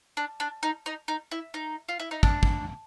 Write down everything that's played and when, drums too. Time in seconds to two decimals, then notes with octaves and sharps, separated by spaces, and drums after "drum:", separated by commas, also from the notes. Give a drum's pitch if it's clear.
0.17 D4
0.40 D4
0.63 D#4
0.86 D#4
1.08 D#4
1.31 E4
1.54 D#4
1.89 F4
2.00 E4
2.11 D#4
2.23 D4, drum: kick
2.43 drum: kick